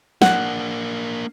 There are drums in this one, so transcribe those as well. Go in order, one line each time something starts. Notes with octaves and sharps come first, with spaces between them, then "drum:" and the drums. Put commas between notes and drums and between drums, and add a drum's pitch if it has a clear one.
A#3 D4 F#5, drum: snare